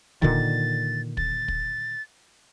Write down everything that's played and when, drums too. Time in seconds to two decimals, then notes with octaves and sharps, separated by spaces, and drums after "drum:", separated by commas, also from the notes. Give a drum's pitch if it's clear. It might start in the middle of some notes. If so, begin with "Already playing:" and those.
0.22 A#2 D3 D#3 A6, drum: kick
1.17 A6, drum: kick
1.48 drum: kick